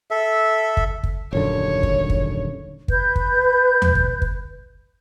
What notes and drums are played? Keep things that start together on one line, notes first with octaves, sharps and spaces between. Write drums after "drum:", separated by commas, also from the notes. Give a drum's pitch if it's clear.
A4 E5
drum: kick
drum: kick
D#1 F#2 D3 C#5
drum: kick
drum: kick
B4 G6, drum: kick
drum: kick
drum: tom D#2
drum: kick
drum: kick